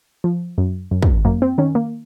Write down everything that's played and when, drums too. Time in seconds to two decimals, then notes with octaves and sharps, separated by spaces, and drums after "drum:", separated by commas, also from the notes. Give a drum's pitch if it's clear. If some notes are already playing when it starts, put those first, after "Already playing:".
0.24 F3
0.58 F#2
0.91 F#2
1.02 drum: kick
1.25 F#2 A#3
1.42 C4
1.58 D#3 C#4
1.75 A#3